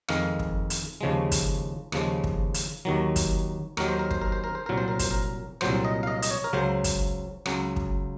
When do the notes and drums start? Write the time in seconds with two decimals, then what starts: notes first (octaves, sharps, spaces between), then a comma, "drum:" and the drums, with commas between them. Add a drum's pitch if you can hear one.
0.09 F2 D#3 G#3 F5, drum: rim click
0.39 drum: kick
0.70 drum: hi-hat
1.01 D#2 C#3 F3 G#3
1.31 drum: kick, hi-hat
1.92 D#2 C#3 F3 G#3, drum: rim click
2.24 drum: kick
2.54 drum: hi-hat
2.85 D#2 D#3 F#3
3.16 drum: kick, hi-hat
3.77 D#2 D#3 F#3 A#4, drum: rim click
3.88 C5
3.99 A#4
4.11 C5, drum: kick
4.21 A#4
4.32 C5
4.44 A#4
4.55 C5
4.66 C2 A#2 F#3 A#4
4.77 C5
4.88 A#4
4.99 C5, drum: kick, hi-hat
5.11 A#4
5.61 C2 A#2 F#3 C5, drum: rim click
5.85 D#5
6.03 F5
6.07 D#5
6.22 D#5, drum: hi-hat
6.31 C#5
6.44 A#4
6.53 C#2 C#3 F#3 C5
6.84 drum: kick, hi-hat
7.46 C#2 C#3 F#3, drum: rim click
7.76 drum: kick